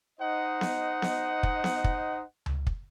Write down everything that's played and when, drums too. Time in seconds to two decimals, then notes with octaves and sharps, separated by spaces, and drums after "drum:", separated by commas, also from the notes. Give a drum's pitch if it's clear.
0.20 D#4 C5 D#5 F#5
0.61 drum: snare B3
1.02 drum: snare B3
1.43 drum: kick
1.64 drum: snare B3
1.84 drum: kick
2.46 drum: tom C#2
2.67 drum: kick